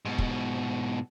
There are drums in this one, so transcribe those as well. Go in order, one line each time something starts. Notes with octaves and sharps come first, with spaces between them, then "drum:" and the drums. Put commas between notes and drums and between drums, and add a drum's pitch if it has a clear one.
G#2 B2
drum: kick